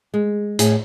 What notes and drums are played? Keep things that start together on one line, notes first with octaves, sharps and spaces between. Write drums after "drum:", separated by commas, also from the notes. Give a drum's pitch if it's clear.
G#3
A2 G#4, drum: hi-hat